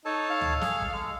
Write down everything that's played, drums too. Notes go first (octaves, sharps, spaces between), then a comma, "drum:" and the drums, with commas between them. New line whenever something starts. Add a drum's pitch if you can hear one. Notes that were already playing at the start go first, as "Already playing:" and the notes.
D#4 A4 C#5 A5
F5
drum: tom C#2
G#4 A4, drum: snare
drum: kick
G#3 A4